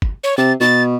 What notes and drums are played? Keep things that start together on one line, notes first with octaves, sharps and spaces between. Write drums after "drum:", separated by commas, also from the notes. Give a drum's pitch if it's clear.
drum: kick
C#5
C3 A6
B2 A6